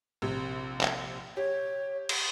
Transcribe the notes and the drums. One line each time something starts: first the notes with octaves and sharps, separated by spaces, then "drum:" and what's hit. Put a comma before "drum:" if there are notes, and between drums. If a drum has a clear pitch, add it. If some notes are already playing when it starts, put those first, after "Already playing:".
A#1 C3
drum: clap
G4 C#5
drum: cymbal